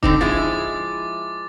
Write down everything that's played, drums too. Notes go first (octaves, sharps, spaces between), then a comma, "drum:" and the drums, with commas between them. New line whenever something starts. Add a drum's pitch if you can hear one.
D3 C4 D#4 D6, drum: kick
F3 G#3 E4 A6